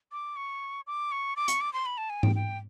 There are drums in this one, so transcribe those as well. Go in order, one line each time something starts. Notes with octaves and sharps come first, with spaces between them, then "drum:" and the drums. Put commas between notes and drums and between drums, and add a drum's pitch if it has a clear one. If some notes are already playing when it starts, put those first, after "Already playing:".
D6
C#6
D6
C#6
D6
C#6, drum: hi-hat
D6
C6
B5
A5
G#5
G5, drum: tom G#2
G5